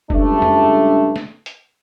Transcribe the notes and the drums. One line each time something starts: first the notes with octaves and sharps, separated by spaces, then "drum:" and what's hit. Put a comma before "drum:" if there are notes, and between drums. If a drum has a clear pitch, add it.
C#2 G2 A3 D4, drum: kick F1
drum: tom F2
drum: snare
drum: hi-hat